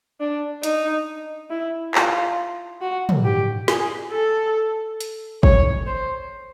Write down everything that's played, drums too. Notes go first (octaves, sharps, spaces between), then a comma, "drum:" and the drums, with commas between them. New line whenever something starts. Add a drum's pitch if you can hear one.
D4
D#4, drum: hi-hat
E4
F4, drum: clap
F#4
drum: tom
G4
G#4, drum: snare
A4
drum: hi-hat
C#5, drum: kick
C5